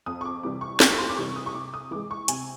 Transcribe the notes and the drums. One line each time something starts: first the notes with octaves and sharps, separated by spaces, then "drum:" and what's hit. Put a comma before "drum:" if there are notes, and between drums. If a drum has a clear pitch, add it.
F2 D#6
C#6
D6
C3 E3 G3 D6
C#6
F2 C#6, drum: snare
C6
D6
C3 E3 G3 C#6
D#6
C#6
C3 D6
D#6
E3 G#3 D6
C#6
C3 G#5, drum: hi-hat